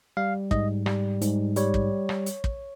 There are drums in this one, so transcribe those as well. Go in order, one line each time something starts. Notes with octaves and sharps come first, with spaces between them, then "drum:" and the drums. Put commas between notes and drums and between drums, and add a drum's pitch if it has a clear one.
G3 F5
G#2 D#5, drum: kick
G3, drum: rim click
G#2, drum: hi-hat
G3 C#5, drum: hi-hat
drum: kick
drum: rim click
drum: hi-hat
drum: kick